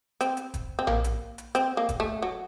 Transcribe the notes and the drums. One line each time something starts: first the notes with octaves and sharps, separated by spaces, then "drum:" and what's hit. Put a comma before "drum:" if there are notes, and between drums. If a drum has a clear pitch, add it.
C4, drum: hi-hat
drum: hi-hat
drum: kick, hi-hat
C4
A#3, drum: tom A#1
drum: hi-hat
drum: hi-hat
C4, drum: hi-hat
A#3
drum: kick, hi-hat
A3
F#3